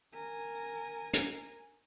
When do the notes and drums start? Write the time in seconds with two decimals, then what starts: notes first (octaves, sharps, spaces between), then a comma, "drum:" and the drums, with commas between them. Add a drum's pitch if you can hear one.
0.14 A#4 G#5
1.13 drum: hi-hat